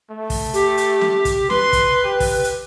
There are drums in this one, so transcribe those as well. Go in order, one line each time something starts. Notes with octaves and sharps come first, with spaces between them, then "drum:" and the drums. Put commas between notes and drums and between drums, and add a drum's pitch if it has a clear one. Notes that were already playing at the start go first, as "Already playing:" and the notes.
A3
drum: kick, open hi-hat
G4, drum: hi-hat
drum: hi-hat
drum: snare
drum: kick, hi-hat
B4 C6, drum: snare
drum: kick, hi-hat
G4
drum: kick, open hi-hat
drum: hi-hat